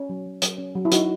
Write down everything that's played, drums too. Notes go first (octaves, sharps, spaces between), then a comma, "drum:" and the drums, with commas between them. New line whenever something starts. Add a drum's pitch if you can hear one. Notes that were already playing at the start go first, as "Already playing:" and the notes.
Already playing: C#4
F#3
F#3
F#3, drum: hi-hat
C#4
F#3
E4
F#3 D#4 F#4, drum: hi-hat